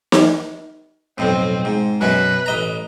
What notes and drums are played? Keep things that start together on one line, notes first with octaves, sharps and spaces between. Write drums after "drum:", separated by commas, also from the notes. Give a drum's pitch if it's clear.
drum: snare
B1 F2 A2 C4
G#2
F#2 B2 C#4 B4
A1 D#5 A#5